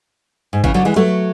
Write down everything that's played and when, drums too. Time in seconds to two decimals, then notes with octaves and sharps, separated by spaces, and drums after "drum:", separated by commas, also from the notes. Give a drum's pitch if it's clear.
0.53 G#2
0.64 C#3 E3, drum: kick G1
0.74 D3 F#3
0.85 E3 G#3
0.96 F#3 A3